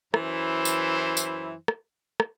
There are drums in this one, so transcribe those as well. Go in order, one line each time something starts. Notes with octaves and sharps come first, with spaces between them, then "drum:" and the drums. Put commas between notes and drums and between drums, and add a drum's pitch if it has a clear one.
F#2 E3 E4 C5, drum: rim click
drum: tambourine
drum: tambourine
drum: rim click
drum: rim click